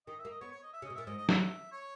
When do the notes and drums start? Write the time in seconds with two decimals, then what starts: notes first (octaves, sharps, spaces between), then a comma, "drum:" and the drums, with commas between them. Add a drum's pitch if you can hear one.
0.07 D#3 D#5
0.19 E5
0.25 A#3
0.30 D#5
0.41 B3 C#5
0.51 C#5
0.63 D#5
0.73 E5
0.82 C#3 D#5
0.90 B2
0.95 A#2 E5
1.06 G#2 D#5
1.18 D#5
1.29 E5, drum: snare
1.72 C#5